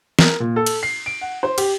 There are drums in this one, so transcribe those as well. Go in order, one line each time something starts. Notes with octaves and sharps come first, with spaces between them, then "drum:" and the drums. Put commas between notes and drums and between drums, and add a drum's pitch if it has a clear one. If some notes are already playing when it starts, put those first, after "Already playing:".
A#4, drum: snare
A#2
A4
drum: cymbal
C7
D7
F#5
C5
G4, drum: cymbal